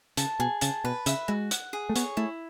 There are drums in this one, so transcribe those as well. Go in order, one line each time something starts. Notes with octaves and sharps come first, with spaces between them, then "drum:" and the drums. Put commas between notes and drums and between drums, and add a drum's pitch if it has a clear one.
C#3 A5, drum: hi-hat
B2 G#4
C#3 A5, drum: hi-hat
B2 B4
C#3 E5, drum: hi-hat
G#3 F#4
F#5, drum: hi-hat
G#4
A3
B3 C#5, drum: hi-hat
A3 E4